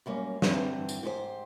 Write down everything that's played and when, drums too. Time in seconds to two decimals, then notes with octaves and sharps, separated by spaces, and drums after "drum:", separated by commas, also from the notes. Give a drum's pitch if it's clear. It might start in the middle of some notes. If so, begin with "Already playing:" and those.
0.06 F#2 G3 A#3 C#4
0.42 G2 D3 E3 C4, drum: snare
0.89 drum: tambourine
1.03 G#2 G4 B4 C5